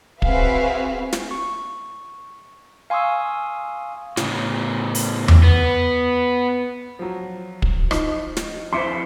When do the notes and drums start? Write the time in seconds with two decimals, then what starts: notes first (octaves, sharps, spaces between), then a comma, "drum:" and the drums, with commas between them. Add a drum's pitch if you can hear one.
0.22 C4 F#4 G#4 B4 E5 F5, drum: kick
1.13 drum: snare
1.31 C#6
2.90 F5 G#5 C6 C#6 D#6 E6
4.17 A2 C#3, drum: snare
4.95 drum: open hi-hat
5.28 drum: tom E2
5.43 B3
6.99 F3 F#3
7.62 drum: kick
7.91 F3 D#4, drum: rim click
8.37 drum: snare
8.73 F2 E4 C5 C6 D6 C#7